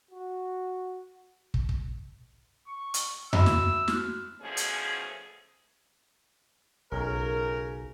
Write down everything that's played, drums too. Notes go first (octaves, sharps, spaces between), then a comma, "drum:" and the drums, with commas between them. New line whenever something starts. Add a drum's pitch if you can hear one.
F#4
drum: kick
drum: kick
C#6
drum: hi-hat
F#4 E5 B5 E6, drum: tom F2
drum: snare
F#4 F6 F#6, drum: snare
E2 B2 F3 A3 C#4 G#4
drum: hi-hat
B1 C#3 A#4